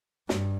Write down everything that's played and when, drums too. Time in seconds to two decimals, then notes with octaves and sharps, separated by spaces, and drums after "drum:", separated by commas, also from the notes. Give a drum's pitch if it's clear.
0.29 G2, drum: snare